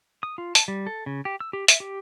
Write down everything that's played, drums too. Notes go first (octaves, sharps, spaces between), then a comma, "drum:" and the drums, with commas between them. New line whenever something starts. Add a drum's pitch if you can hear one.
D#6
F4
A5, drum: hi-hat
G3
A4
C#3
G4
E6
G4
E5, drum: hi-hat
G4